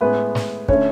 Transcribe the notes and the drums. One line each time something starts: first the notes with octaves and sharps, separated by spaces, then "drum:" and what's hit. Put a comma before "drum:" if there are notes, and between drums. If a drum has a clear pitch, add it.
A2 G#3 B3 B4
drum: snare
D3 A3 C#4 C#5, drum: kick